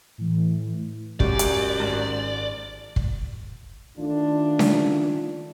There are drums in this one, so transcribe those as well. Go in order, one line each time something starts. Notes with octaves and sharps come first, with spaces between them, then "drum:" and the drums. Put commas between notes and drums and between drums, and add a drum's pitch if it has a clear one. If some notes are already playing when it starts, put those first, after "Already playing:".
A2 E3
F#2 G#3 C#4 G4 D5, drum: kick
drum: hi-hat
G#1 G#2 A5
drum: kick
D#3 A3 D4 F4
drum: snare C#4